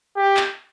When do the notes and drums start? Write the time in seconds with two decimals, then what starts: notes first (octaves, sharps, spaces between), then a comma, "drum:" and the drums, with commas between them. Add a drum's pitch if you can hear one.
0.16 G4
0.37 drum: clap